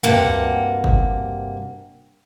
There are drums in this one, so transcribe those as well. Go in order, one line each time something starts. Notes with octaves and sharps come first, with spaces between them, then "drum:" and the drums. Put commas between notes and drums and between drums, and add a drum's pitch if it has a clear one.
D2 G2 C3 A#3 F#5, drum: tom
drum: kick